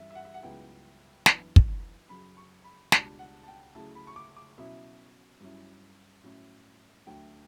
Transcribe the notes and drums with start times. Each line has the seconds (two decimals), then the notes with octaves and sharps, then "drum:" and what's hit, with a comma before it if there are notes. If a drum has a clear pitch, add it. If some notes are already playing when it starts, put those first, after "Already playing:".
Already playing: G2 E3 G3 C#4 E5
0.11 E5
0.15 F#5
0.25 E5
0.34 F#5
0.43 C#2 C#3 F#3 B3 E4 G5
1.26 F#2 E3 B3 D4, drum: snare
1.56 drum: kick
2.09 F#2 C#3 F#3 B5
2.37 C#6
2.64 B5
2.92 C#2 B2 G3 D4 A5, drum: snare
3.19 F#5
3.43 A5
3.48 G5
3.75 C#3 F#3 A3 E4 A5
3.95 B5
4.07 C#6
4.16 D6
4.36 D6
4.58 B2 F#3 C#4 E4 E5
5.40 G2 F#3 C#4 E4
6.23 A2 F#3 C#4 E4
7.06 D2 D3 F#3 A3 G5